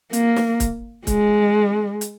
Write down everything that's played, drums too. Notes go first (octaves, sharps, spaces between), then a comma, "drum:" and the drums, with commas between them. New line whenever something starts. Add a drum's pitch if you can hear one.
A#3, drum: hi-hat
drum: snare
drum: kick C#1, hi-hat
G#3, drum: kick C#1, hi-hat
drum: hi-hat